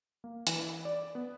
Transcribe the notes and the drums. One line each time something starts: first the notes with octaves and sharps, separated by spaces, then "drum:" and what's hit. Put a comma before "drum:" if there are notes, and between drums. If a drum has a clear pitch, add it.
A#3
E3, drum: hi-hat
D5
B3